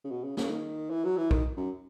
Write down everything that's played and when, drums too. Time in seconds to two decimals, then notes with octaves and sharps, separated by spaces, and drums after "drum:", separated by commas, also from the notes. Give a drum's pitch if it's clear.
0.04 C#3
0.11 B2
0.24 C#3
0.37 C#3, drum: snare
0.50 D#3
0.90 E3
1.04 F#3
1.17 E3
1.31 D#3, drum: kick
1.57 F#2